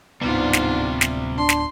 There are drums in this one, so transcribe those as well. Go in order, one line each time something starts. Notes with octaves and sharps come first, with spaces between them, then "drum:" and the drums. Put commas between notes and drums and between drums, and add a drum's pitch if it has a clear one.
D1 G#2 C3 G3 B3 D4 F4
drum: snare
drum: snare
D4 C6
drum: snare